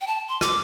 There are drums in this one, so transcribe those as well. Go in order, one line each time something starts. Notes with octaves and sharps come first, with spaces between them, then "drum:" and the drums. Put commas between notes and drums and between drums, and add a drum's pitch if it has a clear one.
G5
A5
C6
D6, drum: rim click